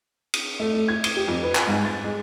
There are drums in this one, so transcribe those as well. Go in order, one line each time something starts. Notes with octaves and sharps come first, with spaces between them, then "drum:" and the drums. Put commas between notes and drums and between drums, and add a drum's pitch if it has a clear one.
drum: cymbal
A3
A3
G#6
G7, drum: cymbal
G4
F2
B4
G#5, drum: clap
G#2
A6
G#3